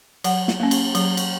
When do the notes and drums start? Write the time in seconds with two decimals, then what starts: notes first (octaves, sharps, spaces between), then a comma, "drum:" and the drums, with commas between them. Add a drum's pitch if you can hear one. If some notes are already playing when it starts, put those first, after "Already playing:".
0.24 F#3 F#5, drum: cymbal
0.48 drum: snare
0.60 A#3 C#4
0.71 drum: cymbal
0.95 F#3, drum: cymbal
1.17 drum: cymbal